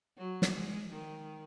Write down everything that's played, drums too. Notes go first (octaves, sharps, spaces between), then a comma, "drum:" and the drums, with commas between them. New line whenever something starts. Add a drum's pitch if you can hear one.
F#3
drum: snare
G#3
D#3